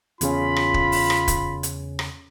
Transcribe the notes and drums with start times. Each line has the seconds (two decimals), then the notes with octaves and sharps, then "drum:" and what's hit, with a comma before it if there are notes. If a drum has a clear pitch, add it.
0.21 E2 C#3 C#4 F4 B5, drum: hi-hat
0.56 drum: rim click
0.74 drum: kick
0.92 drum: open hi-hat
1.10 drum: rim click
1.28 drum: kick, hi-hat
1.63 drum: hi-hat
1.99 drum: rim click